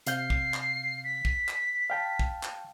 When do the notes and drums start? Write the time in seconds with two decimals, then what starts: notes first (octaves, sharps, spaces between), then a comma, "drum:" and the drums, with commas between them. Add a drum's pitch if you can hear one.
0.07 C3 F5 G6 C7, drum: hi-hat
0.30 drum: kick
0.54 drum: clap
1.04 B6
1.25 drum: kick
1.49 drum: clap
1.90 F5 G5 A5
2.19 drum: kick
2.43 drum: clap